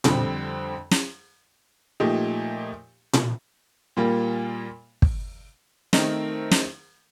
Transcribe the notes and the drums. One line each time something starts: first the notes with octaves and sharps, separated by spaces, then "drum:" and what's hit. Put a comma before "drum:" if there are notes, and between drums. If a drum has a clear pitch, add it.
F2 D3 G3 C4, drum: tom A#2
drum: snare
A#2 F3 A3 D#4 G4
drum: tom A#2
A#2 G3 A#3 F4
drum: kick
D#3 A3 C4 D#4 A#4, drum: snare
drum: snare